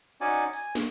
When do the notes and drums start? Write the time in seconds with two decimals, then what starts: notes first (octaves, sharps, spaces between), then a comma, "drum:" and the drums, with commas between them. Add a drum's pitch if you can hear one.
0.21 C#4 D#4 F#4 D5 G#5
0.53 G#5, drum: hi-hat
0.75 drum: snare